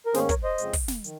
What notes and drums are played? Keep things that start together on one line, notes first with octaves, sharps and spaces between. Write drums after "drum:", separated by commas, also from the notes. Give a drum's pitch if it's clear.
A#4
G#2 D#3 A#3 C#4 G#4 C5, drum: snare
A#4 C#5, drum: kick, hi-hat
C5 D#5
F2 C#3 G#3 C4, drum: hi-hat
drum: kick, open hi-hat
drum: snare
D#3, drum: hi-hat